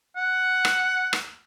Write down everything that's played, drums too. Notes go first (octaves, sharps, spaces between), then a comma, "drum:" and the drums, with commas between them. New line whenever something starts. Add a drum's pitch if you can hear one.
F#5
drum: rim click
drum: rim click